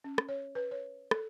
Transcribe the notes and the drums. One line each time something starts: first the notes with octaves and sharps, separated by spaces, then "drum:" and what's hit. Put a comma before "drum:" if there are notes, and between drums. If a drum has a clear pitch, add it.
C#4
drum: rim click
C#5
B4
C#5
A4, drum: rim click